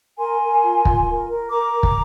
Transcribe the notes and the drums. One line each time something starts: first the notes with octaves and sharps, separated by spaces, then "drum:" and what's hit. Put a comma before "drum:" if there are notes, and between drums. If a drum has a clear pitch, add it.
A#4 G#5 C6
A#4
F4
F4, drum: kick
A#4
A#4
A#4 A#5 D6
A#4
drum: kick